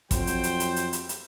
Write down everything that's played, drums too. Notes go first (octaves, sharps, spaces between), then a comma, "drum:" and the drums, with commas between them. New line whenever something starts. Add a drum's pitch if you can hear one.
F2 F#3 C5 G5, drum: kick, hi-hat
drum: hi-hat
drum: hi-hat
drum: hi-hat
drum: hi-hat
drum: hi-hat
drum: hi-hat